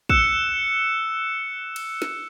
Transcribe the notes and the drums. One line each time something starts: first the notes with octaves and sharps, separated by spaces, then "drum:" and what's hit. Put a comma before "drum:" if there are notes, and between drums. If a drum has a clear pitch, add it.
E6 F#6 C#7 E7, drum: kick
drum: cymbal
drum: snare